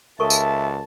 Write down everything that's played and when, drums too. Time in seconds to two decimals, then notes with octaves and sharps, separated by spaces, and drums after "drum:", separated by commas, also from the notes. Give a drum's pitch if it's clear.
0.20 C#2 A4 A#4 E5 A5 C#6
0.30 drum: tambourine